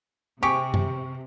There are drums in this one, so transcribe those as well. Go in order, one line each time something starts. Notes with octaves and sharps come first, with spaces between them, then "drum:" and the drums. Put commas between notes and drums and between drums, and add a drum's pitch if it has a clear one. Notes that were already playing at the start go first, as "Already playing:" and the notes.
C3 G4 G#4 C#6
drum: tom F#2